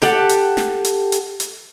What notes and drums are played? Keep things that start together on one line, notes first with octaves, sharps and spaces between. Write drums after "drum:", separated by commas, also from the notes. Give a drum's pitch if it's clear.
G4 A4 F#5, drum: snare
drum: hi-hat
drum: snare
drum: hi-hat
drum: hi-hat
drum: hi-hat